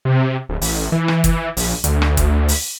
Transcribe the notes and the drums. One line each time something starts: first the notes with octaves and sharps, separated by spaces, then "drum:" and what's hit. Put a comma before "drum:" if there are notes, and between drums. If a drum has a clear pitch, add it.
C3
D1
A1, drum: open hi-hat
E3
drum: rim click
drum: kick, hi-hat
A#1, drum: open hi-hat
D2, drum: hi-hat
drum: rim click
drum: kick, hi-hat
drum: open hi-hat